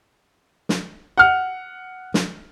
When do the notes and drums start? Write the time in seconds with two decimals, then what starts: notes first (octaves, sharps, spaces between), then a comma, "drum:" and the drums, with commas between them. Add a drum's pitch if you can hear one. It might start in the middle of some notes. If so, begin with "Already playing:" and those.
0.69 drum: snare
1.18 F#5 F6
2.14 drum: snare